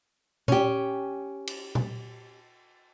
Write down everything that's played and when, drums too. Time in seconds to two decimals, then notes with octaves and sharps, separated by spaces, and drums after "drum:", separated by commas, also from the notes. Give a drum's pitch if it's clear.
0.48 C#4 G4, drum: tom A#2
1.47 drum: cymbal
1.75 drum: tom A#2